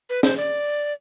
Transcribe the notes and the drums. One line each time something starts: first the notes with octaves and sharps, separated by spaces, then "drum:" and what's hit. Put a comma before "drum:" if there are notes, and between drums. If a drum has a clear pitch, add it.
B4
C5, drum: snare
D5